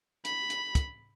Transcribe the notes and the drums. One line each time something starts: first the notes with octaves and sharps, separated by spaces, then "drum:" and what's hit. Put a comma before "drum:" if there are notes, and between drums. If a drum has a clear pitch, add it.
B5, drum: hi-hat
drum: hi-hat
drum: kick, hi-hat